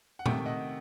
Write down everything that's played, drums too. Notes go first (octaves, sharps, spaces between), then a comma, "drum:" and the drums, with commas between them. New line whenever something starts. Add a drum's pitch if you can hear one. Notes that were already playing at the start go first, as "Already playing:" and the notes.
F#5
C3 D#3 A3 E5 G5, drum: tom
D#5 F#5